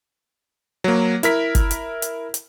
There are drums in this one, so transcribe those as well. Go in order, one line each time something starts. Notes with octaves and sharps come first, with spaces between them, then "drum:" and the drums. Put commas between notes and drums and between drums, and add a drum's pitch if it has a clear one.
F#3 A#3
E4 A#4 B6, drum: hi-hat
drum: kick G1, hi-hat
drum: hi-hat
drum: hi-hat
drum: hi-hat